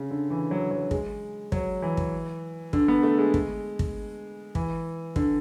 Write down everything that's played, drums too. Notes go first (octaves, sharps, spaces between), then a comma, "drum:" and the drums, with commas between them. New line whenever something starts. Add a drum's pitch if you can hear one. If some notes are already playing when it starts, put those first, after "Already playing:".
Already playing: C#3
D3
E3
F#3
F#3
G#3, drum: kick
F#3, drum: kick
E3
drum: kick
D3, drum: kick
B3
A3
G#3
drum: kick
drum: kick
E3, drum: kick
D3, drum: kick